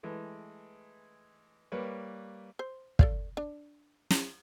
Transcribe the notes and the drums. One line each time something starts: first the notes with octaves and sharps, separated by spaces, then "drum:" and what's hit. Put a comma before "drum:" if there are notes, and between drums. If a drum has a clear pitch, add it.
E3 G#3 A3
G3 A#3 B4 C#5
C5
A4 D5 F5, drum: kick
D4
drum: snare